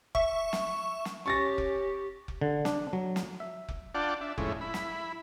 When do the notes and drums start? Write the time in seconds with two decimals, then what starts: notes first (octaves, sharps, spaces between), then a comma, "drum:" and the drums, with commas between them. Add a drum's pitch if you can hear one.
0.15 E5 C#6, drum: kick F1
0.53 drum: snare
1.05 drum: snare
1.26 C#4 G4 C#6 A6 A#6
1.58 drum: kick F1
2.28 drum: kick F1
2.41 D3
2.65 D4, drum: snare
2.93 F#3
3.16 drum: snare
3.40 E5
3.68 drum: kick F1
3.95 D4 F4 D5 F#5 G5 A5
4.21 D4 E5
4.38 F2 A2 G#3 C#4 E4, drum: kick F1
4.61 E4 B5
4.74 drum: snare